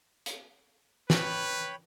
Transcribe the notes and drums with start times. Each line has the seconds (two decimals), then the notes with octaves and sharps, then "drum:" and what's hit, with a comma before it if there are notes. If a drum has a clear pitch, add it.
0.26 drum: hi-hat
1.10 B4 C#5 G5 B5, drum: snare